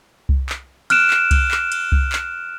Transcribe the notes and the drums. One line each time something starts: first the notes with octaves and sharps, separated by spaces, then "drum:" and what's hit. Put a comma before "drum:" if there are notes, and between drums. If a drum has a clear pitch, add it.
drum: kick C2
drum: clap
F6 F#6 D7 E7, drum: cymbal
drum: clap
drum: kick C2, cymbal
drum: clap
drum: cymbal
drum: kick C2
drum: clap